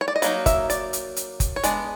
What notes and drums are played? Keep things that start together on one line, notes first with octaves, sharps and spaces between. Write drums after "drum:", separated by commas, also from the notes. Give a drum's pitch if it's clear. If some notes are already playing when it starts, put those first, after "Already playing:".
C#5
D5
D#5
F#3 A#3 D#4, drum: hi-hat
E5, drum: kick F#1, hi-hat
D5, drum: hi-hat
drum: hi-hat
drum: hi-hat
drum: kick F#1, hi-hat
C#5
G#3 B3 D4 D5, drum: hi-hat